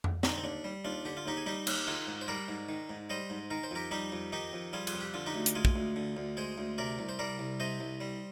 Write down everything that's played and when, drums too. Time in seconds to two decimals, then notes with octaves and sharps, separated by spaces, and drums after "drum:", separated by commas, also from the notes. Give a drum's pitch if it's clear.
0.04 drum: tom F2
0.23 D3 C4 D#4, drum: snare
0.38 C4
0.44 D#2 D4
0.64 G3
0.85 D#2 D4 F4
1.05 D3 G4
1.17 F4
1.26 D#2 D#4 G4
1.37 G#4
1.46 G3 D#4 G4
1.67 D#2, drum: cymbal
1.87 D#3 F4 G#4
2.07 G#2
2.21 C5
2.28 G3 A#4 D5
2.48 G#2
2.69 D#3
2.89 G#2
3.10 G3 C5 D#5
3.30 G#2
3.50 D#3 A#4
3.63 C5
3.71 F2 G4 A#4
3.91 G3 D#4 G4
4.12 F2
4.33 D#3 D#4 G4
4.53 F2
4.73 G3 F4 G#4
4.87 F4 G#4, drum: cymbal
4.94 F2
5.01 G4
5.14 D3 F4
5.26 D#4 G4
5.35 D2
5.46 drum: hi-hat
5.55 G#3 F4 G#4
5.65 drum: kick
5.76 D2
5.96 D3
6.17 D2
6.37 G#3 G#4 C5
6.58 D2
6.78 C3 A#4 D5
6.99 C2
7.09 C5
7.19 G3 A#4 D5
7.39 C2
7.60 C3 C5 D#5
7.80 C2
8.01 G3